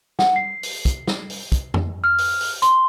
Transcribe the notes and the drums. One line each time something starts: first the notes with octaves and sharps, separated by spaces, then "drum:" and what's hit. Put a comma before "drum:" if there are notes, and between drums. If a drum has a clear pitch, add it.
F#5, drum: snare
C7
drum: open hi-hat
drum: kick, hi-hat
drum: snare
drum: open hi-hat
drum: kick, hi-hat
drum: tom F2
F6
drum: open hi-hat
drum: open hi-hat
C6, drum: hi-hat